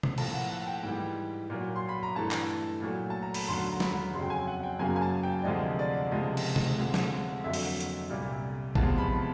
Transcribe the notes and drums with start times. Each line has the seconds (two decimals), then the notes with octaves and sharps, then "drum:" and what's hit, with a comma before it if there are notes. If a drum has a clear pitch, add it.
0.03 drum: tom B2
0.18 A2 F3 A#3 A5, drum: cymbal
0.34 F#5
0.51 F#5
0.67 G5
0.83 G#2 E3 G3 G5
1.50 A#2 F#3 A#3
1.76 C6
1.89 B5
2.03 A#5
2.15 G2 E3 A3 A5
2.31 drum: clap
2.81 A#2 F#3 A3
3.10 A5
3.22 A#5
3.34 B5, drum: open hi-hat
3.48 D#2 D3 F#3 C6
3.72 A#5
3.80 B5, drum: snare
4.14 F2 C#3 F#3 C6
4.22 G5
4.30 G#5
4.47 F#5
4.63 G5
4.79 F#2 C#3 F#3 A#3 G#5
4.96 G#5
5.02 A5
5.23 G5
5.42 D5
5.45 D2 C3 F3 G#3 D#5
5.79 D5
6.12 C#2 C3 F3 G#3 D#5
6.37 drum: cymbal
6.56 drum: tom C3
6.77 D2 C3 F3 G#3
6.94 drum: snare
7.44 F2 D3 F#3 A#3 E5
7.54 drum: open hi-hat
7.80 drum: hi-hat
8.10 C2 A#2 G3 A#3
8.75 E2 C3 F3 G#3 A5, drum: kick
8.98 B5